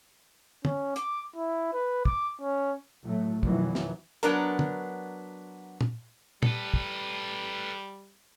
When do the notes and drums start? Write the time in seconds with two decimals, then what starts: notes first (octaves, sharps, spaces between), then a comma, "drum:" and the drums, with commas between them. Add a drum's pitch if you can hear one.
0.65 C#4, drum: tom
0.96 D6, drum: hi-hat
1.36 E4
1.73 B4
2.05 D6, drum: kick
2.41 C#4
3.04 A2 F#3 A3
3.43 F2 B2 D#3 E3 F#3, drum: kick
3.75 drum: snare
4.23 F#3 B3 D4 A#4, drum: hi-hat
4.59 drum: tom
5.81 drum: tom
6.43 G3 A4 B4, drum: tom
6.74 drum: kick